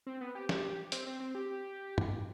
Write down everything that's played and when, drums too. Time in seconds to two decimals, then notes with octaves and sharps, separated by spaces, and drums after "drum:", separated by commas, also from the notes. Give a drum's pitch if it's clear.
0.07 C4
0.21 B3
0.35 G4
0.49 G4, drum: snare
0.92 C4, drum: hi-hat
1.07 C4
1.20 C4
1.35 G4
1.98 drum: tom